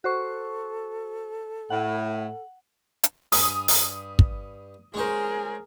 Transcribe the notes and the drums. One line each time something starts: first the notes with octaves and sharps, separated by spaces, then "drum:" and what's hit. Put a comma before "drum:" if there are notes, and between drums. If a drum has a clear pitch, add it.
F#4 A4 C5 C#6
A2 F#5
drum: hi-hat
G2 G#5 B5 D#6, drum: open hi-hat
drum: open hi-hat
drum: kick
G#3 C#4 G#4 A#4 C5